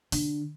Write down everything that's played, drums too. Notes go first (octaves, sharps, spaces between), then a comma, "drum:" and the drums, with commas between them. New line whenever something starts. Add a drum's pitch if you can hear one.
D3, drum: open hi-hat